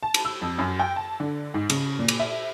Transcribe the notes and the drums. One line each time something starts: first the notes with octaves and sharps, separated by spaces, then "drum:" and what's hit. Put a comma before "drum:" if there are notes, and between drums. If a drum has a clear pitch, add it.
A5
drum: cymbal
E6
F2
F#2
G5
A5
D3
G#2
C#3, drum: cymbal
A#2
drum: cymbal
E5